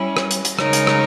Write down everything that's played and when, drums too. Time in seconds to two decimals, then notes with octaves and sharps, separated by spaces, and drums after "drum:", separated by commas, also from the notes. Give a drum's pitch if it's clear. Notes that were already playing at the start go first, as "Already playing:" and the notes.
Already playing: G3 C#4 E4
0.17 drum: rim click
0.31 drum: hi-hat
0.45 drum: hi-hat
0.59 C#3 G#3 D#4 A#4 C#5, drum: rim click
0.73 drum: hi-hat
0.87 drum: rim click